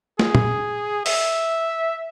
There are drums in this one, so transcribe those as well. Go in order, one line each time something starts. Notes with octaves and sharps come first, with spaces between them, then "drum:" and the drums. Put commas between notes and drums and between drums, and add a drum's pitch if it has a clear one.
G#4, drum: snare
drum: tom
E5, drum: open hi-hat